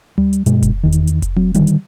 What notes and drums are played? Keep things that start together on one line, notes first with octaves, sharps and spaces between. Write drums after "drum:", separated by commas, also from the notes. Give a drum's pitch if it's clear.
G3, drum: tom D2
drum: hi-hat
G2 B2 G#3, drum: hi-hat
drum: kick F1, hi-hat
E2 D#3
drum: hi-hat
drum: hi-hat
drum: kick F1, hi-hat
F#3, drum: tom C4
D3 D#3 G3, drum: hi-hat
drum: hi-hat